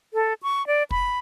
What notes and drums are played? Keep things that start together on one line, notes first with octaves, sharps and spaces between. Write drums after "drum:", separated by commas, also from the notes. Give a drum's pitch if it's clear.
A4
C#6
D5
B5, drum: kick